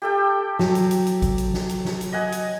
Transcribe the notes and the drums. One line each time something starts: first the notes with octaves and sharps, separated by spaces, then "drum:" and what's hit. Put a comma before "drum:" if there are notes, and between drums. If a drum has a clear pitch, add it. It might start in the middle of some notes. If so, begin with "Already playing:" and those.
G4 A4 G5
F#3, drum: snare
drum: hi-hat
drum: hi-hat
drum: hi-hat
drum: kick G#1, hi-hat
drum: hi-hat
drum: snare
drum: hi-hat
drum: snare
drum: hi-hat
D#5 F#5 G#5
drum: hi-hat